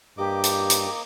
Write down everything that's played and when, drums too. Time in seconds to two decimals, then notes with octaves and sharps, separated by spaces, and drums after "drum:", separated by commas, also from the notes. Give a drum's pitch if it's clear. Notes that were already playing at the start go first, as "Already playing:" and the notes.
0.18 G2 A#3 G4 D#5 D6
0.44 drum: hi-hat
0.70 drum: hi-hat